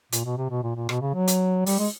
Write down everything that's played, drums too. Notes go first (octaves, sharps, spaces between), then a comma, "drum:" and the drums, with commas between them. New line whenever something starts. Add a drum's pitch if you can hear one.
A#2, drum: hi-hat
B2
C3
B2
A#2
A#2
B2, drum: rim click
C#3
F#3
drum: hi-hat
G3, drum: open hi-hat
G#3